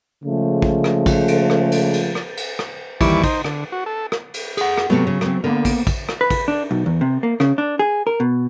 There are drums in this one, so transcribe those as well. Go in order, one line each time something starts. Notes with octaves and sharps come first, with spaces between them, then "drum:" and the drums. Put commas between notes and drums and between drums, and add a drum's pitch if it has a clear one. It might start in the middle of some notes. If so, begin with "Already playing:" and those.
C#3 F3 G#3 A3
drum: kick
drum: rim click
drum: kick, cymbal
drum: cymbal
drum: rim click
drum: cymbal
drum: cymbal
drum: rim click
drum: cymbal
drum: rim click
D#2 E3 G3 E4 C#6 D6, drum: kick, cymbal
D#4 C5, drum: kick, cymbal
D3, drum: rim click
F#4
A4
drum: rim click
drum: cymbal
G#4 F#5, drum: cymbal
drum: rim click
C3 F#3 A3 B3
C#3
C#3 C4, drum: rim click
D3 A#3 B3 A#4
drum: kick, cymbal
drum: kick, cymbal
drum: rim click
B4
drum: kick, cymbal
D4
B1
E2
C3
A#3
C#3, drum: rim click
D4
G#4
A#4
B2